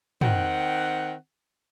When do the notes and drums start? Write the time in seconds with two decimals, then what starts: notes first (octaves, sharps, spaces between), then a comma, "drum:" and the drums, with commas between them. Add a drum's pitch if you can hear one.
0.21 D#3 C4 F#5, drum: tom